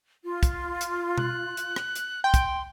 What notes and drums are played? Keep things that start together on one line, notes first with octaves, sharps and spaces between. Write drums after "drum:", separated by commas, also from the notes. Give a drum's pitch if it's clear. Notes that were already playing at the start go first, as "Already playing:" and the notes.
F4
drum: kick, hi-hat
drum: hi-hat
F#6, drum: tom B2
drum: hi-hat
drum: rim click
drum: hi-hat
G5 C6
drum: kick, hi-hat